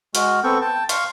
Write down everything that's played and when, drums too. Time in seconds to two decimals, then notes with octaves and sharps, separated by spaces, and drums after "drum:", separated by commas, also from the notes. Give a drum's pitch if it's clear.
0.15 G#3 F#4 F6, drum: hi-hat
0.43 B3 C4 A4 G5 C#6
0.61 G5 A5
0.89 F5 C6 C#6, drum: hi-hat